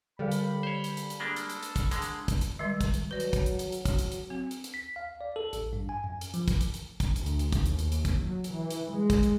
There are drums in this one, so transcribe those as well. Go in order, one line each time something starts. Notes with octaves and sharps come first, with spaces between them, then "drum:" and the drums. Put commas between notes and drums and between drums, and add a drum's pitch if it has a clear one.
D3 G3 A4 F5 B5
drum: hi-hat
C5 C#5
drum: hi-hat
drum: hi-hat
drum: hi-hat
G#3 A#3 D4 A4 B5
drum: hi-hat
drum: hi-hat
drum: hi-hat
drum: kick, hi-hat
D3 G#3, drum: hi-hat
drum: hi-hat
drum: kick, hi-hat
drum: hi-hat
D#3 G3 G#3
drum: kick, hi-hat
drum: hi-hat
F#3 B4 D5
drum: hi-hat
drum: kick, hi-hat
drum: hi-hat
drum: hi-hat
drum: hi-hat
drum: kick, hi-hat
drum: hi-hat
drum: hi-hat
C4
drum: hi-hat
drum: hi-hat
B6
F5
D5
A4
A1, drum: hi-hat
G2
G#5
F#2
drum: hi-hat
F3, drum: hi-hat
drum: kick, hi-hat
drum: hi-hat
drum: hi-hat
drum: kick, hi-hat
D2, drum: hi-hat
drum: hi-hat
drum: hi-hat
drum: kick, hi-hat
D#2, drum: hi-hat
drum: hi-hat
drum: hi-hat
drum: kick, hi-hat
F#3
drum: hi-hat
E3
drum: hi-hat
G#3
drum: kick, hi-hat
drum: hi-hat